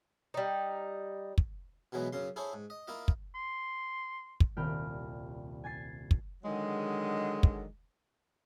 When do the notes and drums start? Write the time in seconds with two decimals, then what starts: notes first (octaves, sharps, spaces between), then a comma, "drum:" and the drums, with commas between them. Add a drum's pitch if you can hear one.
0.34 G3 D#4
1.38 drum: kick
1.92 B2 E3 F#3 G#3 B3
2.13 F#2 C#3 C6
2.36 E4 G#4 A4 C5 C#5
2.53 G#2
2.70 D#5
2.88 A#3 E4 F4 D#5
3.08 drum: kick
3.35 C6
4.40 drum: kick
4.57 D#1 C2 C4 G5 B5 F6
5.64 G#5 G#6 A6 C7
6.11 drum: kick
6.44 D3 D#3 F#3 G#3
7.43 drum: kick